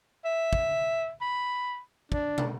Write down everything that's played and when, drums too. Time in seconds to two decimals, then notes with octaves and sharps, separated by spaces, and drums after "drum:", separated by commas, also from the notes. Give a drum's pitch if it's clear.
0.25 E5
0.53 drum: kick
1.21 B5
2.12 D4, drum: kick
2.38 drum: tom